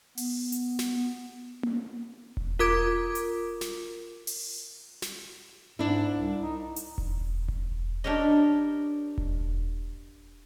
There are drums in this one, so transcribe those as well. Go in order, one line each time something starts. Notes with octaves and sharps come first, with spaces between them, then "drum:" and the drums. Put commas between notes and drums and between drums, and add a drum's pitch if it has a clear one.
B3, drum: open hi-hat
drum: hi-hat
drum: snare
drum: tom A#3
drum: kick E1
F4 A#4 D6 G#6 D7
drum: hi-hat
drum: snare
drum: open hi-hat
drum: snare
G#2 D4 E4
C2
D#4
drum: hi-hat
drum: kick E1
drum: kick E1
D4 G4 A#4 C#5 D#5
drum: kick E1